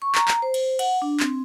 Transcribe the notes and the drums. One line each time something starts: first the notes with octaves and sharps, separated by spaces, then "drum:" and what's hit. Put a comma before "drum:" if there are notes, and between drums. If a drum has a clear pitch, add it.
C#6
A#5, drum: clap
drum: clap
C5
drum: cymbal
F#5, drum: cymbal
D4
C4, drum: clap